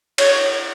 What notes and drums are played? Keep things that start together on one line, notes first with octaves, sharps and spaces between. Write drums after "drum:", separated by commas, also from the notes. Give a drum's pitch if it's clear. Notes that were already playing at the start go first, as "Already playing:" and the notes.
C#5, drum: cymbal